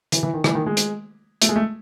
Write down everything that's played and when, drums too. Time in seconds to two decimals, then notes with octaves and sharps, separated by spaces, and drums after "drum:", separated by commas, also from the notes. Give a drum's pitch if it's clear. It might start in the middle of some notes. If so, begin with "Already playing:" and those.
0.12 E3, drum: hi-hat
0.23 E3
0.34 D#3
0.44 E3, drum: rim click
0.55 D#3
0.66 G#3
0.77 drum: hi-hat
1.42 A3, drum: hi-hat
1.49 G#3
1.56 A3